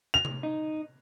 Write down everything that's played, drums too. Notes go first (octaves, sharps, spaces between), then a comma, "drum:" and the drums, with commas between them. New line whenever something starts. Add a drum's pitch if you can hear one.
F7
drum: tom C3
D#4